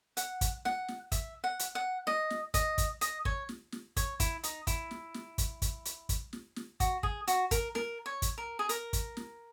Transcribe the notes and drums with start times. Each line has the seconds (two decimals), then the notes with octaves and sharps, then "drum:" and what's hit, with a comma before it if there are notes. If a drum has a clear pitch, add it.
0.17 F#5, drum: hi-hat
0.41 drum: kick, hi-hat
0.65 F#5, drum: snare
0.88 drum: snare
1.12 E5, drum: kick, hi-hat
1.44 F#5
1.59 drum: hi-hat
1.75 F#5
2.07 D#5, drum: snare
2.30 drum: snare
2.54 D#5, drum: kick, hi-hat
2.78 drum: kick, hi-hat
3.01 D#5, drum: hi-hat
3.25 C#5, drum: kick
3.49 drum: snare
3.72 drum: snare
3.97 C#5, drum: kick, hi-hat
4.20 E4, drum: kick, hi-hat
4.43 D#4, drum: hi-hat
4.67 E4, drum: kick, hi-hat
4.91 drum: snare
5.14 drum: snare
5.38 drum: kick, hi-hat
5.62 drum: kick, hi-hat
5.85 drum: hi-hat
6.09 drum: kick, hi-hat
6.33 drum: snare
6.56 drum: snare
6.80 F#4, drum: kick, hi-hat
7.03 G#4, drum: kick
7.28 F#4, drum: hi-hat
7.51 A#4, drum: kick, hi-hat
7.75 A#4, drum: snare
8.06 C#5
8.22 drum: kick, hi-hat
8.38 A#4
8.59 G#4
8.69 A#4, drum: hi-hat
8.93 drum: kick, hi-hat
9.17 drum: snare